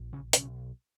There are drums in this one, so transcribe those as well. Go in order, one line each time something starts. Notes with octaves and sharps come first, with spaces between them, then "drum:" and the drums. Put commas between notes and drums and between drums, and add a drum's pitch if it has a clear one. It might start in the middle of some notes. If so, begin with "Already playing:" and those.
Already playing: A#1
C#3 C#4
B1 C#3 C#4, drum: hi-hat